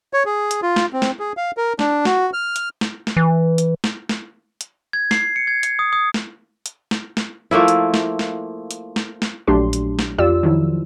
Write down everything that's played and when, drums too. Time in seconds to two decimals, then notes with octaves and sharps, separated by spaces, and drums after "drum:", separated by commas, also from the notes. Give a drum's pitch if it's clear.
0.13 C#5
0.26 G#4
0.51 drum: hi-hat
0.63 F4
0.76 drum: snare
0.93 C4
1.02 drum: snare
1.19 G#4
1.37 F5
1.57 A#4
1.79 D4, drum: snare
2.05 F#4, drum: snare
2.33 F6
2.56 drum: hi-hat
2.81 drum: snare
3.07 drum: snare
3.17 E3
3.58 drum: hi-hat
3.84 drum: snare
4.09 drum: snare
4.61 drum: hi-hat
4.93 G#6
5.11 C7, drum: snare
5.36 C#7
5.47 G#6
5.63 drum: hi-hat
5.79 D#6
5.93 D#6
6.14 drum: snare
6.66 drum: hi-hat
6.91 drum: snare
7.17 drum: snare
7.51 F3 A3 A#3 E4
7.68 drum: hi-hat
7.94 drum: snare
8.19 drum: snare
8.71 drum: hi-hat
8.96 drum: snare
9.22 drum: snare
9.47 A#1 F#3 A3 D4 G4 C6
9.73 drum: hi-hat
9.99 drum: snare
10.18 F2 F4 G4 D5 E6
10.43 D#3 F3 F#3 E4